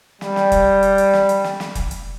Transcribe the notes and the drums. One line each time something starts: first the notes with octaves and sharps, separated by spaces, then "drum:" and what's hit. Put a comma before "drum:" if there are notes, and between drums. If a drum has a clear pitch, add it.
G3, drum: snare
drum: snare
drum: kick F1, hi-hat
drum: hi-hat
drum: hi-hat
drum: snare
drum: hi-hat
drum: snare
drum: snare
drum: kick F1, hi-hat
drum: hi-hat